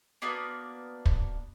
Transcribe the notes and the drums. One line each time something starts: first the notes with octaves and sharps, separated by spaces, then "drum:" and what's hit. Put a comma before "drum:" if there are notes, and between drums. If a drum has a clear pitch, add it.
A#3 B3 D4 F#4
drum: kick